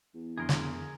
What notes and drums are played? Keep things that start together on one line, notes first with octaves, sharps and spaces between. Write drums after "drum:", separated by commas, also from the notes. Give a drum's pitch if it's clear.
E2
F2 D3 E4 G#4 A#4 C6
drum: snare